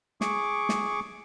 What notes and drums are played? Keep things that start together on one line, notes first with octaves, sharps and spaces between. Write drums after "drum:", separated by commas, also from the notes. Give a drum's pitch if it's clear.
G#4 C#6 D6, drum: snare
drum: snare